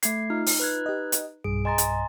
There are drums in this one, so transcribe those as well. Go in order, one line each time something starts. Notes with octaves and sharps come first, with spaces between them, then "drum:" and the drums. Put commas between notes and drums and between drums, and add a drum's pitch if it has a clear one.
A3 G#6 C7, drum: hi-hat
D#4 F4 F6
drum: open hi-hat
B4 F#6 G#6
G4 D#5
drum: hi-hat
B1 G2 G#4 D7
D#5 G#5 A#5 C6 A6
drum: hi-hat